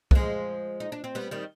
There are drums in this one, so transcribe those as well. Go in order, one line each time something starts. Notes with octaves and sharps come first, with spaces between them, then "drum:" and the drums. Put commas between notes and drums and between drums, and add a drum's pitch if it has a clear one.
B3, drum: kick
F3 G#3
D#4
D4
C4
G3 B3
D#3 G3